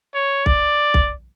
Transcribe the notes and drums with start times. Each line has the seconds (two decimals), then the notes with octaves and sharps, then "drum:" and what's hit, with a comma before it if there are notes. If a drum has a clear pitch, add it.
0.14 C#5
0.46 D5, drum: kick B1
0.94 drum: kick B1